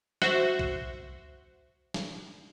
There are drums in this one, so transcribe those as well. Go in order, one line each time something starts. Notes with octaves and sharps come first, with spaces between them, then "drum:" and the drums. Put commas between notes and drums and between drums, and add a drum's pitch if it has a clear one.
F#4 C5 E5, drum: snare
drum: kick
drum: snare